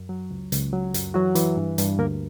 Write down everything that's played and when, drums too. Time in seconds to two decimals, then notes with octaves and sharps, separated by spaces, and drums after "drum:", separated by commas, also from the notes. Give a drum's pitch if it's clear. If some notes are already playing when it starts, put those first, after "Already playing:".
Already playing: F#2
0.09 F#3
0.30 C#2
0.52 C#2, drum: hi-hat
0.73 F#3
0.94 F#2, drum: hi-hat
1.14 E3 F#3 F#4
1.35 E3, drum: hi-hat
1.57 G2
1.78 G2, drum: hi-hat
1.98 D2 A#3 A#4